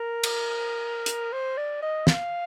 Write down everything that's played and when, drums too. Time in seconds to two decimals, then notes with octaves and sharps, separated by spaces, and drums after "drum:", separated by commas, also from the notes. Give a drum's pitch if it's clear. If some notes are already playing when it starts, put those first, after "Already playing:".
Already playing: A#4
0.23 drum: cymbal
1.06 drum: hi-hat
1.33 C5
1.57 D5
1.83 D#5
2.07 F5, drum: snare